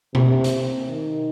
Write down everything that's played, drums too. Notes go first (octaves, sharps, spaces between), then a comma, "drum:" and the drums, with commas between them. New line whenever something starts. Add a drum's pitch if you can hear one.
C3, drum: tom B2
drum: hi-hat
D#3